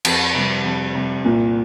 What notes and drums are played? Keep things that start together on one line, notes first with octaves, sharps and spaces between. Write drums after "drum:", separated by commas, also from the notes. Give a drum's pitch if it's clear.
F2, drum: cymbal
C3 G3
F2
C3 G3
C2 A#2